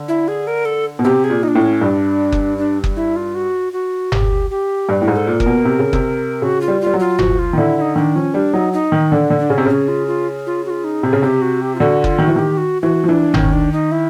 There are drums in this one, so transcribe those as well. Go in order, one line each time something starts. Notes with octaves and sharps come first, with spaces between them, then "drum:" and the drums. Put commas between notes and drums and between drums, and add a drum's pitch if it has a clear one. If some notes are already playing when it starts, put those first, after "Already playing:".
Already playing: D3
E4
G#4
A#4
A4
B2
C3 G4
G#4
A#2
D#4
D4
A2
C#4
G2 D4
drum: kick F#1
D4
drum: kick F#1
E4
F4
F#4
F#4
G4, drum: tom F#1
G4
G2
A2
G#2
A4
A#2
A#4, drum: kick F#1
B2
C3
C#3
C3, drum: kick F#1
C#3 F#4
F4
G3
G3 F4
F#3
F4
F3 F#4, drum: tom F#1
F4
D#3
D3 E4
E4
D#4
D#3 D4
F3 C#4
G3 D4
F#3 D#4
D#4
D#3
D3 D4
D3
D4
C#3 C#4
C3
C#3 C#4
F4
F4
F4
F#4
F4
D#4
C3 G#4
C#3
C3 G4
F#4
G4
F4
D3 F#4
F#4
F4, drum: kick F#1
D#3 F#4
E3
D#3 G4
F#4
E3 F#4
F3
E3 D4
D#3 C#4, drum: tom F#1
D4
D#4
E4